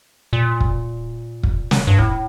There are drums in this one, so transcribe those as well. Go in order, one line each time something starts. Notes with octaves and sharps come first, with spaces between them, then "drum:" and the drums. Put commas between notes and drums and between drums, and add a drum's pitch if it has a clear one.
A#2
drum: kick
drum: kick
drum: snare
G2
A2, drum: kick